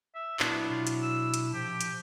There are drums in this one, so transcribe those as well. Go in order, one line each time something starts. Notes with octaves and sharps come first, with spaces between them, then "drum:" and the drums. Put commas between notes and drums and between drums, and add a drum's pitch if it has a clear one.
E5
A#2 F#3 B3 D4 E4, drum: clap
B2 F4
drum: hi-hat
E6
drum: hi-hat
A#2 F3 G4
drum: hi-hat